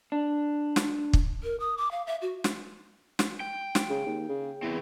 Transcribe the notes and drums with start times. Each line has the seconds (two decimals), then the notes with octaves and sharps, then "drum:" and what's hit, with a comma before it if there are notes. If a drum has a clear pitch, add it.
0.12 D4
0.76 drum: snare
1.13 drum: kick
1.44 A#4
1.60 D#6
1.78 D6
1.91 F5
2.07 E5
2.22 F#4
2.44 drum: snare
3.19 drum: snare
3.40 G5
3.75 drum: snare
3.90 C#3
4.06 D#2
4.29 C#3
4.63 E2 E3 C4